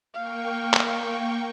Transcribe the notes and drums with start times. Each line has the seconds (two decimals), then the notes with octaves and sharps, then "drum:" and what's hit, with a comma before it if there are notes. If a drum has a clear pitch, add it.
0.15 A#3 F5 G5 C#6
0.74 drum: clap